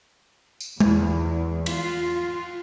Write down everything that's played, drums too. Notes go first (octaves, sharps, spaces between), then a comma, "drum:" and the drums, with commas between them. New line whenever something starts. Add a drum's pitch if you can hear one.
drum: tambourine
E2, drum: tom G#3
F4, drum: cymbal